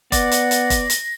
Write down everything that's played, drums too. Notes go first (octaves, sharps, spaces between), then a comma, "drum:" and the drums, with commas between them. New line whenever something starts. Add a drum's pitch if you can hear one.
B3 D5 F#5 A#6, drum: kick F1, hi-hat
drum: hi-hat
drum: hi-hat
drum: kick F1, hi-hat
drum: hi-hat